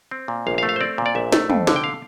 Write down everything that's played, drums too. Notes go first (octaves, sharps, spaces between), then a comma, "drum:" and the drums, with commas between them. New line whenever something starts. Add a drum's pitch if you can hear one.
C4
A#2
A#1 F5
F5
A3
F5
C5
C4 D5
A#2
D5
A#1 E5
A3, drum: snare
F2, drum: tom
D3, drum: snare
G5
F5